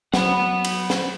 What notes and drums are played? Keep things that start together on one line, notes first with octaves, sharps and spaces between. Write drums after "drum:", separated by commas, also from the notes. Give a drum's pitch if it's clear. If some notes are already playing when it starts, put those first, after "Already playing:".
F#3 F#5 B5, drum: snare
drum: cymbal
drum: snare